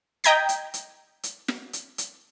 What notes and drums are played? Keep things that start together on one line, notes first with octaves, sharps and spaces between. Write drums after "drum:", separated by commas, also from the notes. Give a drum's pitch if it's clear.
D#5 G5 A#5 G6 G#6 B6, drum: hi-hat
drum: hi-hat
drum: hi-hat
drum: hi-hat
drum: snare
drum: hi-hat
drum: hi-hat